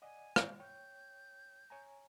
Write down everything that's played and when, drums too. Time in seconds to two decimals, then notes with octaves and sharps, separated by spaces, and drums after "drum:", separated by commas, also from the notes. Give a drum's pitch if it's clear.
0.02 D5 D#5 F#5 G#5
0.36 G3, drum: rim click
0.60 C#5 G5 G6
1.70 C#5 G#5 A#5